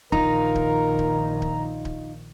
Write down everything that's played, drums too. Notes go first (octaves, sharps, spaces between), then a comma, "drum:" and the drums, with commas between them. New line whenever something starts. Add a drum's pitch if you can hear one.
A#1 D#3 D#4 F4 A#4 A#5, drum: kick D1
drum: kick D1
drum: kick D1
drum: kick D1
drum: kick D1